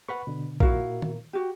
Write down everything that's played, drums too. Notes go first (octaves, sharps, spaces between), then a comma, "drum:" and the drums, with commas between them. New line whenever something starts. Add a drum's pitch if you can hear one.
B4 F#5 B5 C#6
B2 D3
A#2 E4 F#4 A#4 F5, drum: kick
drum: tom D#3
F#4 G4